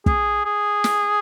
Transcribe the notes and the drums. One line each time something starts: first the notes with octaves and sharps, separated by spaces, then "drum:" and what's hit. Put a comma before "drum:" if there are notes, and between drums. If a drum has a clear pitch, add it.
G#4, drum: kick
G#4
drum: snare